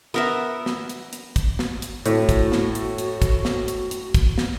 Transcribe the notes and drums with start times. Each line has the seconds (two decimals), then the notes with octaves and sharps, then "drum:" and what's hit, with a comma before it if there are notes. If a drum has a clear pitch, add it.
0.14 B3 A#4 E5
0.66 drum: snare
0.89 drum: hi-hat
1.13 drum: hi-hat
1.36 drum: kick, hi-hat
1.59 drum: snare
1.82 drum: hi-hat
2.06 A2 F#4, drum: hi-hat
2.29 drum: kick, hi-hat
2.52 drum: snare
2.75 drum: hi-hat
2.98 drum: hi-hat
3.22 drum: kick, hi-hat
3.45 drum: snare
3.68 drum: hi-hat
3.91 drum: hi-hat
4.14 drum: kick, hi-hat
4.38 drum: snare